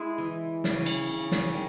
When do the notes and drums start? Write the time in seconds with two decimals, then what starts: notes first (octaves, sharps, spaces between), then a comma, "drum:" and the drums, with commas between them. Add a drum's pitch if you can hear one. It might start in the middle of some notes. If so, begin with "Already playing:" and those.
Already playing: G#3 E4 G#4
0.18 E3
0.64 C#3, drum: snare
0.86 drum: cymbal
1.09 C#3
1.32 drum: snare
1.54 D#3